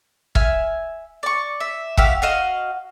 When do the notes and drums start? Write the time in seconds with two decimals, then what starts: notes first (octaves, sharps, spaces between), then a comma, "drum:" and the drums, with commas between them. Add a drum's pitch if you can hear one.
0.35 E5 G#5 F6, drum: kick
1.23 D5 C#6
1.60 E5
1.97 F#4 G4 E5 F5, drum: kick
2.22 F#4 D#5 F5 F#5